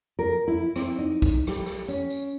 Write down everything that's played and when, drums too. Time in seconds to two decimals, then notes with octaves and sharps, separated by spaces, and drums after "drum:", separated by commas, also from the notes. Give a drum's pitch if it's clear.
0.19 A#4
0.48 E4
0.76 C4, drum: rim click
0.98 D#4
1.22 drum: kick, tambourine
1.47 G3, drum: rim click
1.66 drum: rim click
1.88 C#4, drum: tambourine
2.10 drum: tambourine